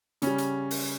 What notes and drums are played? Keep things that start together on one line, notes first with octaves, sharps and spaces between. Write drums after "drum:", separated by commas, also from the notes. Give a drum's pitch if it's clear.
C#3 G3 C#4, drum: hi-hat
drum: hi-hat
drum: open hi-hat